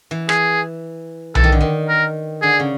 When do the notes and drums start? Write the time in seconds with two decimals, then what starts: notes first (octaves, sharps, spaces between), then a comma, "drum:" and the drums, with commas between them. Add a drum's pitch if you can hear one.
0.11 E3
0.29 G#4, drum: rim click
1.35 E3 A4, drum: tom B1
1.44 D#3
1.52 D3
1.60 D#3
1.89 A#4
2.42 D3 G#4
2.60 C#3